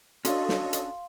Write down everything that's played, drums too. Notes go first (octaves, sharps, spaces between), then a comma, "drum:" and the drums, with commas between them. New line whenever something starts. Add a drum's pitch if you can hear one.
C#4 D4 F#4 A4 C#5 D#5 F5 C6, drum: hi-hat
drum: snare
drum: hi-hat